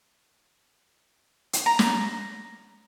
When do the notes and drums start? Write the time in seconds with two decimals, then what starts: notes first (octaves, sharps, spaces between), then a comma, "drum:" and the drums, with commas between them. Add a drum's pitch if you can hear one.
1.53 drum: hi-hat
1.66 A#5
1.79 drum: snare